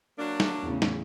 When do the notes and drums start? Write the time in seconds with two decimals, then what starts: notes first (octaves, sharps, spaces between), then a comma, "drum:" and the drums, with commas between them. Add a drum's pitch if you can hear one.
0.19 F#3 A#3 D4
0.40 drum: snare
0.64 E2 A2 C#3
0.82 drum: snare